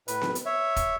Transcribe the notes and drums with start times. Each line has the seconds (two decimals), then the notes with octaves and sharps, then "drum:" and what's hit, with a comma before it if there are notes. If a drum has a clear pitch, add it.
0.08 A2 B4, drum: hi-hat
0.21 drum: snare B3
0.35 drum: hi-hat
0.46 C#5 E5
0.76 drum: kick, hi-hat